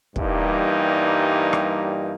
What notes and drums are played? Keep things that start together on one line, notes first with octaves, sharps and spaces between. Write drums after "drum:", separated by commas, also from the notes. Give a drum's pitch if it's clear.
G2 E3 G3 A#3 D#4, drum: kick
drum: rim click